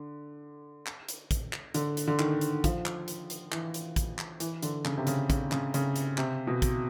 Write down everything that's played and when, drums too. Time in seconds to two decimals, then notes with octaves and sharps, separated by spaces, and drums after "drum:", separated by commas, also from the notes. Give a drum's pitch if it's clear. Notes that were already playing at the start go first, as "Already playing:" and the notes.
Already playing: D3
0.86 drum: clap
1.09 drum: hi-hat
1.31 drum: kick, hi-hat
1.53 drum: clap
1.74 D3, drum: hi-hat
1.97 drum: hi-hat
2.08 D3
2.19 D#3, drum: clap
2.41 drum: hi-hat
2.64 F3, drum: kick, hi-hat
2.86 drum: clap
3.08 drum: hi-hat
3.30 drum: hi-hat
3.52 E3, drum: clap
3.74 drum: hi-hat
3.96 drum: kick, hi-hat
4.19 drum: clap
4.40 E3, drum: hi-hat
4.63 D3, drum: hi-hat
4.85 C#3, drum: clap
4.97 C3
5.07 C#3, drum: hi-hat
5.30 C#3, drum: kick, hi-hat
5.52 C#3, drum: clap
5.74 C#3, drum: hi-hat
5.96 drum: hi-hat
6.18 C3, drum: clap
6.47 B2
6.62 drum: kick, hi-hat